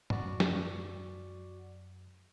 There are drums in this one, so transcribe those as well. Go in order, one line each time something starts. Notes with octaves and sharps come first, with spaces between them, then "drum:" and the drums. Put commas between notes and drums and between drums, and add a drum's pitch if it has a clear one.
F#2 F#4 D5, drum: tom
drum: snare